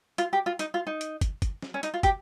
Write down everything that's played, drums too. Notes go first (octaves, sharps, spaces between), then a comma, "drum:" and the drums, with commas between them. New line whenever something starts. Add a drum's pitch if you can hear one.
F4, drum: hi-hat
G4
F4
D#4, drum: hi-hat
F4
D#4
drum: hi-hat
drum: kick, hi-hat
drum: kick, hi-hat
drum: snare
C#4
D#4, drum: hi-hat
F4
G4, drum: kick, hi-hat